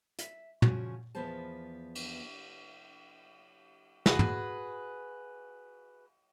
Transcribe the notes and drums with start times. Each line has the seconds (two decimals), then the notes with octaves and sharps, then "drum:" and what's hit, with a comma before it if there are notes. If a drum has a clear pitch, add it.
0.19 E5, drum: hi-hat
0.62 C#3 F3 C#4 F#4, drum: tom
1.15 E2 F3 B3 G#4 C5 A5
1.95 drum: cymbal
4.06 F#4 G#4 B4, drum: snare
4.19 drum: tom